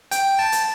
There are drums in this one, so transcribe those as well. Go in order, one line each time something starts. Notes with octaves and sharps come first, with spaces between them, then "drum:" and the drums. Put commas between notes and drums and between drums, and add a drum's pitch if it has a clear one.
G5, drum: hi-hat
A5
drum: hi-hat